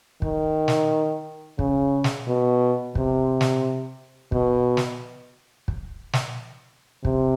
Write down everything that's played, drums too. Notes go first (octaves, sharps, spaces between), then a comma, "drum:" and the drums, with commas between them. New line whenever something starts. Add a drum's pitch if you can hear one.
D#3, drum: kick
drum: snare
C#3, drum: kick
drum: snare
B2
C3, drum: kick
drum: snare
B2, drum: kick
drum: snare
drum: kick
drum: snare
C3, drum: kick